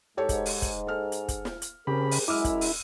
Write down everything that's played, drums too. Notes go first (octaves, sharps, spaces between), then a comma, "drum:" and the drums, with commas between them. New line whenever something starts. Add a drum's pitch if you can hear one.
G#2 G4 A4 C#5
drum: kick, hi-hat
drum: open hi-hat
drum: kick, hi-hat
A4 F6
drum: hi-hat
drum: kick, hi-hat
drum: snare
drum: hi-hat
C#3 C4 G4 G#4 A#4 B5
drum: open hi-hat
F#2 G#3 E4 D6 E6 F6
drum: kick, hi-hat
drum: open hi-hat